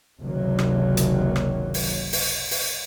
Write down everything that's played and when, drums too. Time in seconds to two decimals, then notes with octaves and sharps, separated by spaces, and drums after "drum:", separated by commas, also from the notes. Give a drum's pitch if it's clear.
0.20 F#1 C#2 C3 D#3 F#3 A#3
0.59 drum: rim click
0.97 drum: hi-hat
1.36 drum: rim click
1.74 drum: open hi-hat
2.13 drum: open hi-hat
2.51 drum: open hi-hat